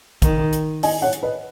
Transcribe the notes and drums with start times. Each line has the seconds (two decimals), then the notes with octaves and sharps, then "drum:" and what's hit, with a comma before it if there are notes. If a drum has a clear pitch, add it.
0.22 D#3, drum: kick, hi-hat
0.53 drum: hi-hat
0.83 D#5 G#5, drum: open hi-hat
1.02 C#5 F#5
1.13 drum: hi-hat
1.23 B4 D#5